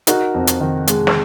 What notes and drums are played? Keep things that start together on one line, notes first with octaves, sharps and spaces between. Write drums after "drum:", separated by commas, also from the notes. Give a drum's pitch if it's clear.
D#4 F#4 A#4, drum: hi-hat
F2
drum: hi-hat
D#3
G#3, drum: hi-hat
drum: snare